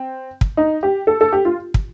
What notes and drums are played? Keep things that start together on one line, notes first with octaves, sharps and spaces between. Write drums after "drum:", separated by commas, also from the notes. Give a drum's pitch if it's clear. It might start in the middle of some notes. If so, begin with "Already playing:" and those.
Already playing: C4
drum: kick
D#4
G4
A4
A4
G4
F4
drum: kick